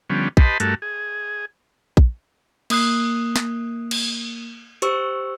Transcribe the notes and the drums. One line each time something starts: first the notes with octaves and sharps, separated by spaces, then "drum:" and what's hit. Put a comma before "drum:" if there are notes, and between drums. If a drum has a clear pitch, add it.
D3 F3 G3 B3 C#4
G4 B4 D#5 A5 B5 C6, drum: kick
G2 A3 F#4 A4 A#4, drum: hi-hat
G#4
drum: kick
A#3 D#6 F#6 C7, drum: cymbal
drum: snare
drum: cymbal
G4 C5 C#6 E6, drum: hi-hat